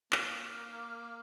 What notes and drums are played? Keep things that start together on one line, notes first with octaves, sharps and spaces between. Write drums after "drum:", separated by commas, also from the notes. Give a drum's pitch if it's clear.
A#3, drum: clap